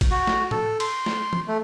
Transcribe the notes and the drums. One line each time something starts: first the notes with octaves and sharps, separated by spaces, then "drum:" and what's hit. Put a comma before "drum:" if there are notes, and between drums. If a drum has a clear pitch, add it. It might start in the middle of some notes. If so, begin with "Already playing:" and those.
drum: kick G#1, cymbal
F#4
drum: snare
A4, drum: tom A2
C6, drum: cymbal
drum: snare
drum: tom E3
A3